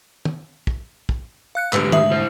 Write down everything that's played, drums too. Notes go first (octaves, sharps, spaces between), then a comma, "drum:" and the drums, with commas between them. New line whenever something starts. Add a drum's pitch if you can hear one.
drum: tom
drum: kick
drum: kick
F5 F#6 C#7
D2 G#2 D3 G4 B4 E6, drum: clap
E5 D#6 F#7, drum: tom
E4 C5